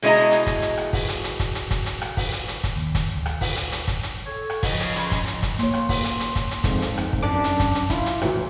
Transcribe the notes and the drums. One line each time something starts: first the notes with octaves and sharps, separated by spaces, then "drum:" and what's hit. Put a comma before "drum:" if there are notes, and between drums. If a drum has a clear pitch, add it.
B2 G#3 C#4 E4 D#5 A#5
drum: hi-hat
drum: kick, hi-hat
drum: hi-hat
drum: rim click
drum: kick, open hi-hat
drum: hi-hat
drum: hi-hat
drum: kick, hi-hat
drum: hi-hat
drum: kick, hi-hat
drum: hi-hat
drum: rim click
drum: kick, open hi-hat
drum: hi-hat
drum: hi-hat
drum: kick, hi-hat
D#2
drum: kick, hi-hat
D2
drum: rim click
drum: kick, open hi-hat
drum: hi-hat
drum: hi-hat
drum: kick, hi-hat
drum: hi-hat
A4 C#5
drum: rim click
C#3 F3 D#5, drum: kick, open hi-hat
drum: hi-hat
C6, drum: hi-hat
drum: kick, hi-hat
drum: hi-hat
drum: kick, hi-hat
A#3 C#5 C6, drum: hi-hat
drum: rim click
drum: kick, open hi-hat
drum: hi-hat
drum: hi-hat
drum: kick, hi-hat
drum: hi-hat
F2 G#2, drum: kick, hi-hat
drum: hi-hat
drum: rim click
drum: kick
F#2 D4 D6
drum: hi-hat
drum: kick, hi-hat
drum: hi-hat
E4 F4, drum: kick, hi-hat
drum: hi-hat
D2 A2 E3 F#3, drum: rim click